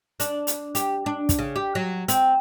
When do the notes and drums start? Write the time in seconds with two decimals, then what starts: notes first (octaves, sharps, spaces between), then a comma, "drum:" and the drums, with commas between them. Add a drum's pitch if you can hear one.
0.20 D4, drum: hi-hat
0.47 drum: hi-hat
0.75 G4, drum: hi-hat
1.06 D4
1.29 drum: kick, hi-hat
1.39 C#3
1.56 G4
1.75 F#3
2.08 C4, drum: hi-hat